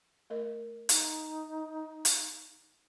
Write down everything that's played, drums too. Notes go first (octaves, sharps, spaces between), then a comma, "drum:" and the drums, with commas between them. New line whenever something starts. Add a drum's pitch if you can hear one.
A3 A#4 D#5
D#4, drum: hi-hat
drum: hi-hat